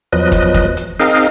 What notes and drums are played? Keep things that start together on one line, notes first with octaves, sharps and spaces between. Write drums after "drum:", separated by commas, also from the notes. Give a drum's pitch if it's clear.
E2 F3 F#3 B4 D#5
drum: kick, hi-hat
drum: kick, hi-hat
drum: hi-hat
C4 D#4 G#4 A#4 D#5 F5